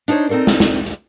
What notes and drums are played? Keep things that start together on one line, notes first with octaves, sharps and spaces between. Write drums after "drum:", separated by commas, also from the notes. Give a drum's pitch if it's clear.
D4 D#4 G4 C5 C#5, drum: hi-hat
C4 D#4 A4 A#4 D5
drum: snare
drum: snare
drum: hi-hat